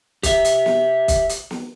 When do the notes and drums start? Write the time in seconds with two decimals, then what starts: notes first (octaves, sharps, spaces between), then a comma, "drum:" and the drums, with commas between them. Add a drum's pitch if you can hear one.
0.23 G4 E5, drum: kick, hi-hat
0.45 drum: hi-hat
0.66 drum: snare
1.08 drum: kick, hi-hat
1.29 drum: hi-hat
1.51 drum: snare